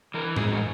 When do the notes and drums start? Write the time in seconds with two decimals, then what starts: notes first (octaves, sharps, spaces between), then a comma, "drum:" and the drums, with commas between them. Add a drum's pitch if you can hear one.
0.14 E3 A#4
0.36 G#2 G#4, drum: tom A2
0.52 F#4